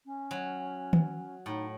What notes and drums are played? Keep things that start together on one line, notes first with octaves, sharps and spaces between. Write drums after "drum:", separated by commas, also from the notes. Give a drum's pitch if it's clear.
C#4
F#3
drum: tom D#3
A2 D#4